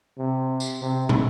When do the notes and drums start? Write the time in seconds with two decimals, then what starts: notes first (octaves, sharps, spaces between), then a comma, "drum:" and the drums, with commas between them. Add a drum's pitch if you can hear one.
0.18 C3
0.60 drum: tambourine
0.82 C3
1.09 drum: tom